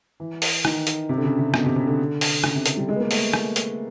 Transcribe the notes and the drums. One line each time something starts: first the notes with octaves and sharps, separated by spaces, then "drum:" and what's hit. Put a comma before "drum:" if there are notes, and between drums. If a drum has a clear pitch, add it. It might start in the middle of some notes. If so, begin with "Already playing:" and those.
E3
drum: open hi-hat
D#3, drum: rim click
drum: hi-hat
C3
D3
C#3
C3
B2, drum: rim click
C3
C#3
D3
drum: open hi-hat
C#3, drum: rim click
C3
D3, drum: hi-hat
G3
G#3
B3
A#3
A3, drum: open hi-hat
drum: rim click
drum: hi-hat